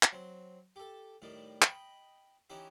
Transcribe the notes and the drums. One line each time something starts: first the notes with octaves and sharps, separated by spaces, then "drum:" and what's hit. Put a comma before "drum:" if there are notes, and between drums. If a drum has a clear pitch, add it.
drum: clap
F#3 C4
G4 A4
A2 D#3 G3
D#5 G5 B5, drum: clap
E3 C#4 D#4 G4 E5